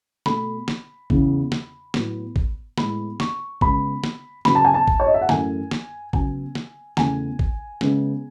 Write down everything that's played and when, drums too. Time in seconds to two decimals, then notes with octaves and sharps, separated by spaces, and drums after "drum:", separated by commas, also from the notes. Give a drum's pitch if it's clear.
0.26 B2 A3 B5, drum: snare
0.68 drum: snare
1.10 E2 C#3 E3, drum: kick
1.52 drum: snare
1.94 A2 F#3 B3, drum: snare
2.36 drum: kick
2.78 A2 G#3 B3 B5, drum: snare
3.20 C#6, drum: snare
3.61 C#3 G#3 B3 B5, drum: kick
4.04 drum: snare
4.45 C#3 F#3 B3 B5, drum: snare
4.55 A5
4.65 G#5
4.74 A5
4.87 drum: kick
5.00 C#5
5.07 D#5
5.14 E5
5.22 F#5
5.29 F#2 E3 A3 G#5, drum: snare
5.71 drum: snare
6.13 C#3 F#3 B3 G#5, drum: kick
6.55 drum: snare
6.97 E2 C#3 E3 A3 G#5, drum: snare
7.39 drum: kick
7.81 C#3 G#3 B3, drum: snare